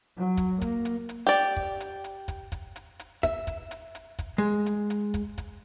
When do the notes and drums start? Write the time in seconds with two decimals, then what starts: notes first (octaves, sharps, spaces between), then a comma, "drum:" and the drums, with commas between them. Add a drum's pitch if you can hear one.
0.18 F#3
0.37 drum: kick, hi-hat
0.62 A#3, drum: kick, hi-hat
0.85 drum: hi-hat
1.09 drum: hi-hat
1.27 G4 D5
1.57 drum: kick
1.80 drum: hi-hat
2.04 drum: hi-hat
2.28 drum: kick, hi-hat
2.52 drum: kick, hi-hat
2.76 drum: hi-hat
2.99 drum: hi-hat
3.23 E5, drum: kick, hi-hat
3.47 drum: kick, hi-hat
3.71 drum: hi-hat
3.95 drum: hi-hat
4.19 drum: kick, hi-hat
4.38 G#3
4.66 drum: hi-hat
4.90 drum: hi-hat
5.14 drum: kick, hi-hat
5.38 drum: kick, hi-hat